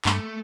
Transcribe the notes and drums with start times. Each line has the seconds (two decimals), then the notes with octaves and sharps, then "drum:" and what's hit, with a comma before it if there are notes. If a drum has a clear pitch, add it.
0.05 G2 A3, drum: clap